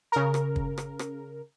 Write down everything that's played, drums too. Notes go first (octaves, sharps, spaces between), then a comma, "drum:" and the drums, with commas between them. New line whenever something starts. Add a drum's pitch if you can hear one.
C#3 A#4
drum: rim click
drum: kick
drum: rim click
drum: rim click